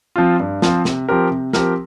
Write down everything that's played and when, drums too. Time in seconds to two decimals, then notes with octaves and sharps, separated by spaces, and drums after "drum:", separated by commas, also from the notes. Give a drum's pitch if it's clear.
0.16 F3 C4 F4
0.40 G2
0.62 F3 C4 F4, drum: snare
0.85 C3, drum: snare
1.09 F3 C4 G4 A#4
1.31 C3
1.53 F3 C4 G4 A#4, drum: snare